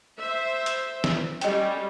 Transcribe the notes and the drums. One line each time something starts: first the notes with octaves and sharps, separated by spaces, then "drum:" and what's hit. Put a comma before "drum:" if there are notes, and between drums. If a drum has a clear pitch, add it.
C5 E5
drum: hi-hat
drum: snare
G3 C#4 D#5 G5, drum: hi-hat